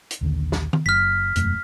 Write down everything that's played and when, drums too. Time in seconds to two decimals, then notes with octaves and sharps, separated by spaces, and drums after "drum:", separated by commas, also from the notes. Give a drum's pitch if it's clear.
0.11 drum: hi-hat
0.21 A#1 D#2 D3
0.52 drum: snare
0.73 drum: tom D#3
0.86 F#1 F6 B6
1.36 E1 F#2 A3, drum: hi-hat